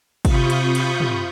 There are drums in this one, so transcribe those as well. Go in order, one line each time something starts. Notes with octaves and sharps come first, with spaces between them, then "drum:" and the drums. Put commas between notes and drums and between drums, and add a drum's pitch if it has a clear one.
C3 F4 B5 C#6 D#6 G6, drum: kick, cymbal
drum: cymbal
drum: cymbal
drum: tom